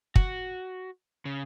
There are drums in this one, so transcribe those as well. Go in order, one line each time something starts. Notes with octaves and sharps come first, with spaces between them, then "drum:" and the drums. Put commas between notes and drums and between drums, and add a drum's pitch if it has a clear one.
F#4, drum: kick
C#3